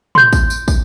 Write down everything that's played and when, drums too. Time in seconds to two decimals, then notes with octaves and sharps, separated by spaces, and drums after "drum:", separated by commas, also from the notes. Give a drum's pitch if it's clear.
0.15 C6 G6, drum: tom
0.33 drum: kick, tambourine
0.50 drum: tambourine
0.68 drum: kick, tambourine